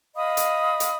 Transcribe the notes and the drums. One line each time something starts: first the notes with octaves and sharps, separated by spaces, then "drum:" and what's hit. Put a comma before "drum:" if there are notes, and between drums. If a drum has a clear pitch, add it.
D#5 F5 B5 D#6
drum: hi-hat
drum: hi-hat